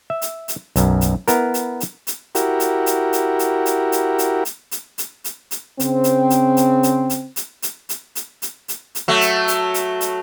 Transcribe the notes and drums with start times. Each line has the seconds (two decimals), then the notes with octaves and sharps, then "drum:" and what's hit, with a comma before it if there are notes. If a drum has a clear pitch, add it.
0.10 E5
0.22 drum: hi-hat
0.48 drum: hi-hat
0.76 B1 F#2, drum: hi-hat
1.01 drum: hi-hat
1.28 B3 E4 A#4, drum: hi-hat
1.54 drum: hi-hat
1.80 drum: hi-hat
2.07 drum: hi-hat
2.35 E4 F#4 G4 A#4, drum: hi-hat
2.60 drum: hi-hat
2.86 drum: hi-hat
3.13 drum: hi-hat
3.39 drum: hi-hat
3.66 drum: hi-hat
3.92 drum: hi-hat
4.19 drum: hi-hat
4.45 drum: hi-hat
4.71 drum: hi-hat
4.98 drum: hi-hat
5.24 drum: hi-hat
5.51 drum: hi-hat
5.80 C#3 C4, drum: hi-hat
6.04 drum: hi-hat
6.30 drum: hi-hat
6.57 drum: hi-hat
6.83 drum: hi-hat
7.10 drum: hi-hat
7.36 drum: hi-hat
7.63 drum: hi-hat
7.89 drum: hi-hat
8.15 drum: hi-hat
8.42 drum: hi-hat
8.68 drum: hi-hat
8.95 drum: hi-hat
9.08 F#3 A3
9.21 drum: hi-hat
9.48 drum: hi-hat
9.74 drum: hi-hat
10.01 drum: hi-hat